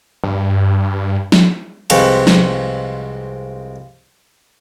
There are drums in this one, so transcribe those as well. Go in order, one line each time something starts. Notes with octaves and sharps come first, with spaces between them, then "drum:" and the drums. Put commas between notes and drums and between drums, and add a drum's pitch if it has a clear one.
G2
drum: snare
C2 F3 G#3 C4 B4 C#6, drum: cymbal
drum: snare